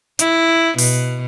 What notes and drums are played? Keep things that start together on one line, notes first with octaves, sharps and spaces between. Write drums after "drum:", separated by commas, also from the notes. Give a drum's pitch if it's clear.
E4, drum: hi-hat
B2, drum: open hi-hat